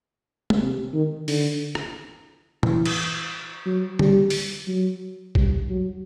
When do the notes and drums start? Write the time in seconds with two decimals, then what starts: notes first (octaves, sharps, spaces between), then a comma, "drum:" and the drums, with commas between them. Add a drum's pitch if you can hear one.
0.50 drum: tom
0.60 C3
0.93 D#3
1.28 D3, drum: open hi-hat
1.75 drum: rim click
2.63 E3, drum: tom
2.86 drum: cymbal
3.65 F#3
3.99 G3, drum: tom
4.30 drum: open hi-hat
4.67 F#3
5.35 G3, drum: kick
5.69 F#3